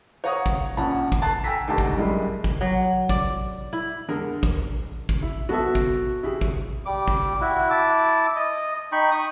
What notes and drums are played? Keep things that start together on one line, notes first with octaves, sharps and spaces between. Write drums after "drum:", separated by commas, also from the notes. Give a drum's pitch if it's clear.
C#5 F5 F#5 A#5 C#6 D#6
drum: kick
A#1 C#4 F#5 A5 B5
drum: kick
A5 F#6 A6 C7
G5 G#5 A#5 E6 A#6 B6
D2 G#2 G4 A5
drum: kick
F#2 G3 G#3 E4
drum: kick
F#3
D5, drum: kick
E4
D3 G#3 A#4
drum: kick
drum: kick
E4
B3 F#4 A4 E5
drum: kick
E4 G4 G#4
drum: kick
G3 D6
drum: kick
E4 F#4
E4 A5 D6
D#5
D#4 G5 B5 C#6
C#6 D#6